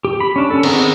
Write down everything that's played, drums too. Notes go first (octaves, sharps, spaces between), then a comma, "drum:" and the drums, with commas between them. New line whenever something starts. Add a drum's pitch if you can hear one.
G4
B5
C#4 D4
C#4 A4
D#3 B3 C4 G#4 A#5, drum: cymbal